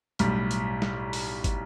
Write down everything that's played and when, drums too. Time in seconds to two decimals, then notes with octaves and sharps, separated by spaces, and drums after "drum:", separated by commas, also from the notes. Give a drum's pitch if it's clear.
0.19 B1 A2 G3, drum: hi-hat
0.51 drum: hi-hat
0.82 drum: snare
1.13 drum: open hi-hat
1.44 drum: kick, hi-hat